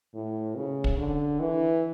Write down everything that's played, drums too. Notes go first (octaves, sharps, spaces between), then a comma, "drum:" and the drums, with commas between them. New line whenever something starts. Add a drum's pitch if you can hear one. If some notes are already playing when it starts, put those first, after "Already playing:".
A2
C#3
drum: kick
D3
E3